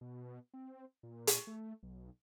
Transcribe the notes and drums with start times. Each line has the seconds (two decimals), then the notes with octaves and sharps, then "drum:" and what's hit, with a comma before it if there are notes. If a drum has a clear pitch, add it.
0.01 B2
0.54 C4
1.03 A#2
1.27 drum: hi-hat
1.47 A3
1.83 B1